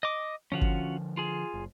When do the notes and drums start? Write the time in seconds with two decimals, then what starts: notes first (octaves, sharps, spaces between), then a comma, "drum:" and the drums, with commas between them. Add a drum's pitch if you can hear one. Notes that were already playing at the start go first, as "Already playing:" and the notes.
0.03 D#5 D6
0.52 D3 F3 C#4 F4 F#4
0.61 drum: kick G1
1.17 F4 G#4
1.54 F#1